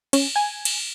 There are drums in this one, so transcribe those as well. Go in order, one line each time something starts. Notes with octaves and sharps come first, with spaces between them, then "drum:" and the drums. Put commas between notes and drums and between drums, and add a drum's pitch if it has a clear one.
C#4, drum: cymbal
G#5
drum: cymbal